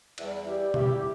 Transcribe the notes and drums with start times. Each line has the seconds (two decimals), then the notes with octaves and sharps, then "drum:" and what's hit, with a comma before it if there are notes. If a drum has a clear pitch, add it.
0.18 E2 E3 G3, drum: cymbal
0.47 G3 E4 G4
0.74 G3 E4 G4, drum: tom B2